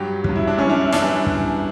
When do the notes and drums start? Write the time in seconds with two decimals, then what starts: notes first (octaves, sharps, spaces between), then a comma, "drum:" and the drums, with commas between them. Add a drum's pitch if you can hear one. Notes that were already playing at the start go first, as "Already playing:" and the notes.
Already playing: G2 F#3 G4
0.24 G2 F#3, drum: kick
0.36 E4
0.47 D4
0.58 F#2 E3 G3 C#4
0.70 D4
0.81 E4
0.92 F#2 E3 G3 D4, drum: snare
1.03 B3
1.26 drum: kick